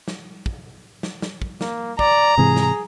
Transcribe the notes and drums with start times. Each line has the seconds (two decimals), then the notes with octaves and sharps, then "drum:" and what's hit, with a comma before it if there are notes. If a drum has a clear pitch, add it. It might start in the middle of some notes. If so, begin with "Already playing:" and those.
0.08 drum: snare
0.46 drum: kick
1.03 drum: snare
1.22 drum: snare
1.42 drum: kick
1.61 A#3, drum: snare
1.99 D5 A#5, drum: kick
2.38 G#2 C3 E3 G#4
2.56 drum: snare